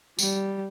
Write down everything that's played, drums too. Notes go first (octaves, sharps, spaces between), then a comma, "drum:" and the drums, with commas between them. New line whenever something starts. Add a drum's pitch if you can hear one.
G3, drum: tambourine